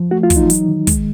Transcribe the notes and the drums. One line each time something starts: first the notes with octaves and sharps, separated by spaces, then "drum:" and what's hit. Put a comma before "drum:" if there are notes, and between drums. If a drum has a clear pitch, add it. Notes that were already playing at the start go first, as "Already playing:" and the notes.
Already playing: F3
A3 F#4
F4
E3, drum: kick, hi-hat
D#4
F#3, drum: hi-hat
D#3
G#3, drum: kick, hi-hat